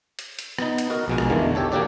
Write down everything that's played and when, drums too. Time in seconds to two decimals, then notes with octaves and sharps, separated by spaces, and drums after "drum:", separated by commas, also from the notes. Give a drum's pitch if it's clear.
0.19 drum: hi-hat
0.39 drum: hi-hat
0.59 B3 D#4, drum: rim click
0.78 drum: hi-hat
0.90 F#4 A#4 D#5
1.08 A#1 B2 G#3
1.18 drum: rim click
1.29 E2 D3 D#3 A3 A#3
1.55 G4 A4 C#5 A5
1.72 A#3 D4 F#4 G4 C#5 D5